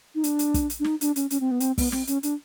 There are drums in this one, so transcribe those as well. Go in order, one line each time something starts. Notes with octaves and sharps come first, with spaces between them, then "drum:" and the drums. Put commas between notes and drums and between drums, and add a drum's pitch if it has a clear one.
D#4
D4, drum: hi-hat
drum: hi-hat
drum: kick, hi-hat
drum: hi-hat
D4
D#4, drum: snare
D4, drum: hi-hat
C#4, drum: hi-hat
C#4, drum: hi-hat
C4
B3
C4, drum: hi-hat
B3, drum: kick, open hi-hat
C4, drum: snare
C#4, drum: hi-hat
D4, drum: hi-hat